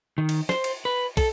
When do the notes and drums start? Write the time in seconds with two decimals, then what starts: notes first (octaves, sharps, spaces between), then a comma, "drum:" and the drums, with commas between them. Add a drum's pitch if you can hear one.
0.18 D#3
0.29 drum: cymbal
0.49 C5, drum: snare
0.64 drum: cymbal
0.85 B4
1.17 A4, drum: kick, cymbal